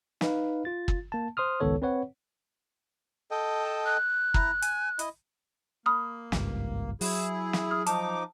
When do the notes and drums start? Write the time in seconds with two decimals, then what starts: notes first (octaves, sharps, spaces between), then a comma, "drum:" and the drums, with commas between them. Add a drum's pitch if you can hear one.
0.21 D#4 B4 F5, drum: snare
0.65 F4 A6
0.88 drum: kick
1.12 A#3 A5
1.37 C5 C6 D#6 F6
1.60 G#1 C#2 D#3 B3 A4 C#5
1.82 C4 B4 C#5 F#5
3.31 A4 D#5 G5
3.63 A5
3.85 F#6
4.34 E4 A#5, drum: kick
4.62 G#5, drum: hi-hat
4.99 E4 D#5, drum: hi-hat
5.86 A#3 B5 D#6 F6
6.32 G#1 C#2 G2, drum: snare
7.01 F#3 E4 G#4, drum: open hi-hat
7.53 drum: snare
7.71 D#6 F6
7.86 F3 D#4 A5 D6, drum: hi-hat